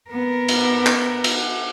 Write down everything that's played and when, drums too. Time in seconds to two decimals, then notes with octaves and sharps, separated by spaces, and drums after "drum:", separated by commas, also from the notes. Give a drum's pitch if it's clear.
0.11 B3 A#4
0.48 drum: cymbal
0.86 drum: clap
1.24 drum: cymbal